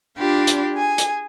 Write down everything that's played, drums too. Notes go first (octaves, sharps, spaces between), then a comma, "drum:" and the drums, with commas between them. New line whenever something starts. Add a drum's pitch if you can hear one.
D4 F4 G4 B5
drum: hi-hat
G#4 G#5
drum: hi-hat